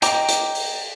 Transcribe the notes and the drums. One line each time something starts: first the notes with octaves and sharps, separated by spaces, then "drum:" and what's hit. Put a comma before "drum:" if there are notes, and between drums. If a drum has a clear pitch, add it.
D#5 G5 A#5 D6, drum: hi-hat
drum: hi-hat
drum: open hi-hat